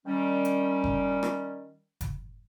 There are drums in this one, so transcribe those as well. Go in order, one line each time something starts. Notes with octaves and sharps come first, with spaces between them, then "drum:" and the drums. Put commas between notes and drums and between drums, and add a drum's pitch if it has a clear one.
D#3 G3 C#4
drum: hi-hat
drum: kick F#1
drum: rim click
drum: kick F#1, hi-hat